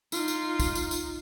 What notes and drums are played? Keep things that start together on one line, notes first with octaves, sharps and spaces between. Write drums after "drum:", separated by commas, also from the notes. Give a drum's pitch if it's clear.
D#4 F4, drum: tambourine
drum: tambourine
drum: kick, tambourine
drum: tambourine
drum: tambourine